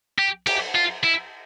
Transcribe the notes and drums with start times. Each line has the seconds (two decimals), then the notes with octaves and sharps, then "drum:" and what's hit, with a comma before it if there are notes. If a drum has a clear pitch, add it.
0.19 G4
0.47 G4, drum: cymbal
0.75 F4
1.04 E4